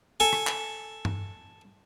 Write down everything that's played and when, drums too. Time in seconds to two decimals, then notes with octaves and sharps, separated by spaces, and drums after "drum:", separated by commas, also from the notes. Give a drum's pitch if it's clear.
0.20 A4 G#5
0.33 drum: rim click
0.47 drum: clap
1.05 drum: tom G2